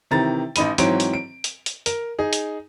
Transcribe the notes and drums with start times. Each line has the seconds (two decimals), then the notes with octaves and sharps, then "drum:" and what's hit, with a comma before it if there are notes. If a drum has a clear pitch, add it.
0.11 C3 D#3 E3 A#5 A6
0.56 A1 D#4 B5 D#7, drum: hi-hat
0.78 G#2 E3 F#3 C4 C#5 D7, drum: hi-hat
1.00 drum: hi-hat
1.14 D7
1.44 drum: hi-hat
1.66 drum: hi-hat
1.86 A#4, drum: hi-hat
2.19 D#4 G#4
2.33 drum: hi-hat